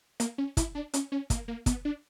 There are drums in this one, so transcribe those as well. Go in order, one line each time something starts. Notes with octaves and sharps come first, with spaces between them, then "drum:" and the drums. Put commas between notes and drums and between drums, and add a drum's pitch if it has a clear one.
A#3, drum: hi-hat
C#4
E4, drum: kick, hi-hat
D4
C#4, drum: hi-hat
C#4
A#3, drum: kick, hi-hat
A#3
B3, drum: kick, hi-hat
D4